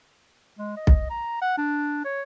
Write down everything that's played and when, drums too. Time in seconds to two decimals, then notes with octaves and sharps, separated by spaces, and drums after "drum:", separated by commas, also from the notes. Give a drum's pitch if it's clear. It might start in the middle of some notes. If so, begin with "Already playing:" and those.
0.58 G#3
0.76 D#5
0.87 drum: kick B1
1.10 A#5
1.41 F#5
1.58 D4
2.05 C#5